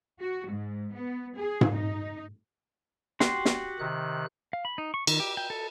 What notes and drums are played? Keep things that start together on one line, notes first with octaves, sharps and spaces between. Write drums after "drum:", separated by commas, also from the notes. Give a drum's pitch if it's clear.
F#4
G#2
B3
G#4
drum: tom G#2
D#4
F#4 G4 C6, drum: snare
drum: snare
C3 D#3 F#6
F5
B5
D#4
C#6
D#3, drum: cymbal
G4
G5
A4